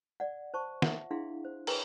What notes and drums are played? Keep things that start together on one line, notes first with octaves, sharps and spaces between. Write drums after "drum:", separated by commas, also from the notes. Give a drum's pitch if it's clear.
D5 F#5
C5 A5 C#6
F4 E5 F#5, drum: snare
D4 E4 G#4 F5 F#5 C6
C5
G#4 A#4 B4 G5 G#5 A#5, drum: cymbal